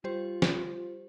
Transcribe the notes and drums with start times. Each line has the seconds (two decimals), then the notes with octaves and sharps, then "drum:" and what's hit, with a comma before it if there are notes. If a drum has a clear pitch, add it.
0.04 G3 F4 G4 C5
0.42 drum: snare